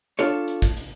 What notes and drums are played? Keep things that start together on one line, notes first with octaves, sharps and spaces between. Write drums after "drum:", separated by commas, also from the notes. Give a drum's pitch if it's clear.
D4 F4 A4 C#5, drum: hi-hat
drum: hi-hat
drum: kick, hi-hat
drum: hi-hat